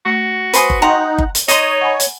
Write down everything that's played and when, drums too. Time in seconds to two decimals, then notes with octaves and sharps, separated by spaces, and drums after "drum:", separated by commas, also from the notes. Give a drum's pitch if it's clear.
0.06 A3 F#4
0.54 B4 C5 G#5 C6 D#6, drum: hi-hat
0.70 drum: kick G1
0.82 D#4 D#5 F#5 G5 A#5 C6
1.18 drum: kick G1
1.35 drum: hi-hat
1.48 D#4 C#5 D#5 C6, drum: hi-hat
1.81 F#5 G#5 B5
2.00 drum: hi-hat